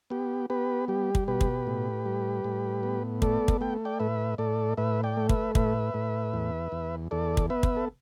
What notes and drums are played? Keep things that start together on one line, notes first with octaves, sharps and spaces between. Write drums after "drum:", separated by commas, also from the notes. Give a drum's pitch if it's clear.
B3 G4
B3 G4 B4
G3 G4
drum: kick
B2 G4 B4
drum: kick
A2
G3
A2
B3
A3 A4 D5, drum: kick
drum: kick
A3 G5
D5 G5
A2 B4 E5
A2 A4 D5
A2 B4 E5
D5 G5
A3
B4 E5, drum: kick
A2 B4 E5, drum: kick
A2
E2
E2
E2 A4 D5
drum: kick
B3 B4 E5
drum: kick
A4